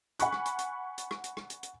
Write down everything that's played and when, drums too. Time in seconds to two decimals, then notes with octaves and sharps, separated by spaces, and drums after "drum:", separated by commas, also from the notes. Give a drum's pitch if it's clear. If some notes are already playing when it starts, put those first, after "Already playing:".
0.19 F#5 G#5 B5 C#6 F#6, drum: hi-hat
0.33 drum: rim click
0.46 drum: hi-hat
0.59 drum: hi-hat
0.98 drum: hi-hat
1.11 drum: rim click
1.24 drum: hi-hat
1.37 drum: rim click
1.50 drum: hi-hat
1.63 drum: hi-hat